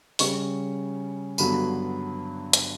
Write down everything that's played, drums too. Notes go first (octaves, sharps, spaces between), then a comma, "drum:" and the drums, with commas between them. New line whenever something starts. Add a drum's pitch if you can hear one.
C#3 G3 C#4 C#6, drum: open hi-hat
G2 D3 F#3 B3 B5, drum: tambourine
drum: hi-hat